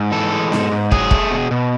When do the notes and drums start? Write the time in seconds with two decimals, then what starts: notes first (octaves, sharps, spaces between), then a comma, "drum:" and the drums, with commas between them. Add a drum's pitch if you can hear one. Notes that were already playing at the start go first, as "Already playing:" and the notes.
Already playing: G#2
0.12 E3 A4
0.32 G#3
0.52 G#2, drum: snare B3
0.72 G#2
0.92 F#3 G#4, drum: kick
1.11 A3, drum: kick
1.31 B2
1.51 B2